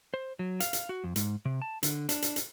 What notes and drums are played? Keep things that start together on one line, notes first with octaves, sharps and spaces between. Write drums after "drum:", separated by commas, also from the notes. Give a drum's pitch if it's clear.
C5
F#3
F5, drum: hi-hat
drum: hi-hat
F#4
F2
G#2, drum: hi-hat
C3
A5
D3, drum: hi-hat
D4, drum: hi-hat
drum: hi-hat
drum: hi-hat